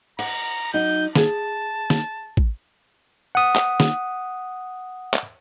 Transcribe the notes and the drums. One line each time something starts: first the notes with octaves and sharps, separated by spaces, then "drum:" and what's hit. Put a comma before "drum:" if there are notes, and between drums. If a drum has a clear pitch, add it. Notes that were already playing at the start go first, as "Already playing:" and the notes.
F#5 A#5, drum: cymbal
F#3 D#4 G6
G#4 A5, drum: snare
drum: snare
drum: kick A1
F#5 D#6
drum: clap
drum: snare
drum: clap